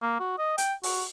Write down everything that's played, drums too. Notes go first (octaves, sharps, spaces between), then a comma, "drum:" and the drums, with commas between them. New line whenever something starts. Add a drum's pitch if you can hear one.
A#3
F#4
D#5
G5, drum: hi-hat
F#4, drum: open hi-hat